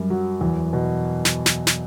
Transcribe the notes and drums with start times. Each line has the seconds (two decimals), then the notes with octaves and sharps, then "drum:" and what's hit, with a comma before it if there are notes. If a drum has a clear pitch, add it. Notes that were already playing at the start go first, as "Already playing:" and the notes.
Already playing: F#2 G3
0.10 F#3
0.41 E2
0.73 B2
1.25 drum: snare
1.46 drum: snare
1.67 drum: snare